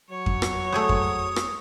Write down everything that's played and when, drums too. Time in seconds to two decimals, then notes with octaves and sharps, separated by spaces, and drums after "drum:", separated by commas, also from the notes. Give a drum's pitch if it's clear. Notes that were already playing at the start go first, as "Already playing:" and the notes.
0.10 F#3 C#5
0.26 drum: kick F2
0.42 drum: rim click
0.72 A3 G#4 C5 D#6
0.89 drum: kick F2
1.36 drum: rim click